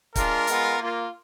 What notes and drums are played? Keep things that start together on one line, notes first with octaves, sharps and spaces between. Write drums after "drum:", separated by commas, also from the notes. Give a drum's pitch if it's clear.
G#3 D4 F4 A#4, drum: kick, hi-hat
G#3 B3 F4, drum: hi-hat
A#3 F4